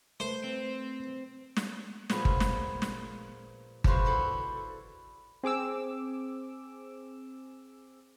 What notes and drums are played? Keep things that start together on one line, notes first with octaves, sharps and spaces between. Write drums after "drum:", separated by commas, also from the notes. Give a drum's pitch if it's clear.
A3 B4 C5
C4
drum: snare
A#2 F3 B3 G#4, drum: snare
drum: kick G1
drum: snare
drum: snare
F3 G#3 B3 F#4 C5, drum: kick G1
D4 E4 A4
C4 G#4 D6 E6